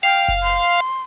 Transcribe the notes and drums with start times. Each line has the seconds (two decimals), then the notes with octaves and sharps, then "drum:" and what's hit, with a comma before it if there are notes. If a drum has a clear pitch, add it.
0.03 F5 G5
0.28 drum: kick F#1
0.43 C6